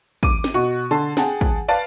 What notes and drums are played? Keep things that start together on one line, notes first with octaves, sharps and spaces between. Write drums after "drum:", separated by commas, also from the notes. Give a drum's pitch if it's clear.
D6 D#7, drum: kick
drum: snare
B2 F#4 C#6
D3 A5 C6
G#4 F#5 G5 A5, drum: snare
drum: kick
B4 D5 F5 A5